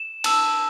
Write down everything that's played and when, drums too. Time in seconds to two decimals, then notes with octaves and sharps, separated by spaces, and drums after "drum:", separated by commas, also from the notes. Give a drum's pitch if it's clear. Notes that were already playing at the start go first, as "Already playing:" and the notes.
Already playing: E7
0.24 A5 E6, drum: cymbal